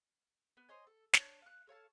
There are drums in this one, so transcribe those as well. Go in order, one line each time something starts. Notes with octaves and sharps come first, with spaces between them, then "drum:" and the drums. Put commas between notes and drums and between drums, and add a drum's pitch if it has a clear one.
B3
C5 C#5 D#5 G#5
A4
D4 C#5, drum: snare
F5 F#6
A4 C#5 F5 A5